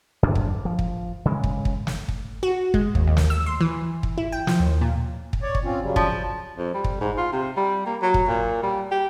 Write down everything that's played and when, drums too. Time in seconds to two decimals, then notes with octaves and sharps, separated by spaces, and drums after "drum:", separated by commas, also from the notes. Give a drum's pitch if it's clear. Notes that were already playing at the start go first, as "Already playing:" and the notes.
0.23 F#2 D4
0.35 drum: kick
0.65 F3
0.79 drum: kick
1.25 C#3 G#3
1.44 drum: kick
1.65 drum: kick
1.87 drum: snare
2.08 drum: kick
2.43 F#4
2.74 G#3, drum: kick
2.95 D#2, drum: kick
3.07 D#2
3.17 drum: snare
3.30 E6
3.46 C6
3.61 E3
4.03 drum: kick
4.18 E4
4.32 G5
4.47 F3, drum: snare
4.60 D#2
4.81 A#2
5.33 drum: kick
5.42 C#5 D5
5.55 drum: kick
5.64 C4 C#4 F4
5.82 C#3 F#3 G3
5.96 F3, drum: kick
6.58 F2
6.74 G3
6.84 drum: kick
7.01 G#2
7.18 F4
7.33 C3
7.57 G3
7.86 A#3
8.02 F#3
8.14 drum: kick
8.28 A#2
8.63 G3
8.92 G4